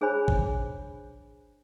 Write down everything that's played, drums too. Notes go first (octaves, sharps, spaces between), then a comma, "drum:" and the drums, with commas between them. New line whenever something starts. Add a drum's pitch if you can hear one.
D4 G#4 C5 C#5 G#5 B5
drum: kick G#1